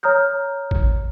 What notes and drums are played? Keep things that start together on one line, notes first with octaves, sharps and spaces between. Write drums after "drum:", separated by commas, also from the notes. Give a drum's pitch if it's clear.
C#5 A#5 D#6 F6 G6
drum: kick A1